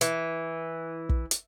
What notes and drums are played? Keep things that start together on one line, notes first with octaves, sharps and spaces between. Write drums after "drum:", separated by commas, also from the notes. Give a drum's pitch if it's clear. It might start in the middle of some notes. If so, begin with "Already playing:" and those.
E3, drum: hi-hat
drum: kick
drum: hi-hat